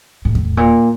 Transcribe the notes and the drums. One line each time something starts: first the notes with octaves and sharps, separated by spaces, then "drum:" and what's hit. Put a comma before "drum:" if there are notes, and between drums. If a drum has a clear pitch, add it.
A2
drum: kick E2
A#2